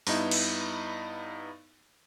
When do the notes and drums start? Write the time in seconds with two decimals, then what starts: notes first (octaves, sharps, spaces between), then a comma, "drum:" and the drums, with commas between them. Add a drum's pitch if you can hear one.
0.07 G2 B3 D#4 E4, drum: open hi-hat
0.31 drum: cymbal